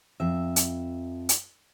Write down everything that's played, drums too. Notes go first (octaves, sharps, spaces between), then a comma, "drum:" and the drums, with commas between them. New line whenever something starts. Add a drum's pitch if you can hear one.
F2 E5
drum: hi-hat
drum: hi-hat